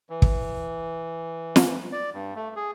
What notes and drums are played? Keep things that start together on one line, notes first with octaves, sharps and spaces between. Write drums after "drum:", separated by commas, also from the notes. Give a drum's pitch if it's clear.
E3
drum: kick
drum: snare
D5
G2
A3
G#4